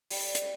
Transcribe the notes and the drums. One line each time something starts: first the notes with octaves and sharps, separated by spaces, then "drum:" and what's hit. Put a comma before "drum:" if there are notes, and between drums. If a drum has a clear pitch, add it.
G3, drum: open hi-hat
drum: hi-hat